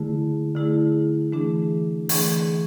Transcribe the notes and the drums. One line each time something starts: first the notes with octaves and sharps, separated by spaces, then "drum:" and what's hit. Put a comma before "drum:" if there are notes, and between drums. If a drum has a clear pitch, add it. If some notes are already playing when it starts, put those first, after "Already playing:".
Already playing: D3 A3 E4 G#4
D3 A3 E4 G#4
E3 A3 D4 G#4
E3 A3 D4 G#4, drum: open hi-hat